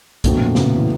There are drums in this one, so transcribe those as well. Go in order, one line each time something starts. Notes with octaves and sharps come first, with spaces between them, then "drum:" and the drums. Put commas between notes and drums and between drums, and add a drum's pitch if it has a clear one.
F2 A#2 D3 F#3 A3, drum: kick B1, hi-hat
B2
A#2
A2 C#3 F#3 B3, drum: snare
E3